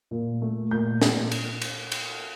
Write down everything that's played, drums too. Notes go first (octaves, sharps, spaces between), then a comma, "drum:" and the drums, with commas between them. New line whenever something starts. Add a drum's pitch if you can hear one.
A#2
A3
A#2 G6
A#2, drum: snare
drum: cymbal
drum: cymbal
drum: cymbal